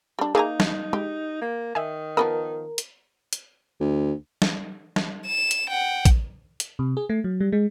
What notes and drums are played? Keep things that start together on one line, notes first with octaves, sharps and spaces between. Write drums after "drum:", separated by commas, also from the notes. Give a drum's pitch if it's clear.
G3 D4
A#3 D#4 G#4 E5 G#5 A#5
drum: snare
G#3 G4
A#3
D#3 E5 G#5
F3 B3 A#4 B4 D#6
drum: hi-hat
drum: hi-hat
D2
drum: snare
drum: snare
E7
drum: hi-hat
F#5 G5
drum: kick, hi-hat
drum: hi-hat
C3
G#4
A3
F#3
G3
G#3